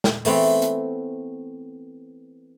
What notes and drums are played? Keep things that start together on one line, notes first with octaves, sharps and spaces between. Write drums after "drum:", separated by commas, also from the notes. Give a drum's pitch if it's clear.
drum: snare
E3 A3 B3 C4, drum: open hi-hat
drum: hi-hat